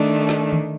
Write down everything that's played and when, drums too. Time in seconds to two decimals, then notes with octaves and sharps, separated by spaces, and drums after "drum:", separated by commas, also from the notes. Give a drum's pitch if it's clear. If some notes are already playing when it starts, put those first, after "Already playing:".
Already playing: D#3 A3 D4
0.29 drum: snare
0.53 drum: tom D3